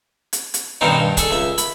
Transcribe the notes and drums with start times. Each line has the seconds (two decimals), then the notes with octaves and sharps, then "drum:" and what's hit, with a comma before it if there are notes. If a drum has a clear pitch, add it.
0.33 drum: hi-hat
0.54 drum: hi-hat
0.81 G2 B2 D#3 C4 C#4 D#4
1.00 G2
1.17 G#4 A4, drum: kick, hi-hat
1.31 C#2 E5
1.58 B5, drum: hi-hat